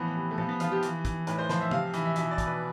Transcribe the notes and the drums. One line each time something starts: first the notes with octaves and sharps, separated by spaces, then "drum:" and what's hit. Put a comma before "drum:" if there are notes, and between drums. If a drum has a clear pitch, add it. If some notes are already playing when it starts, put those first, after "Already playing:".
Already playing: A2 E3 F3 B3
C3
A3
F3 B3, drum: tom
B3
F3 F4, drum: hi-hat
G4
E3, drum: hi-hat
E3, drum: kick, hi-hat
A2 B4, drum: hi-hat
C5
F3 C5, drum: snare
E5
C3 F5, drum: tom
E3 E5, drum: hi-hat
E5
B2 E5, drum: hi-hat
D5
B2, drum: kick, hi-hat
B4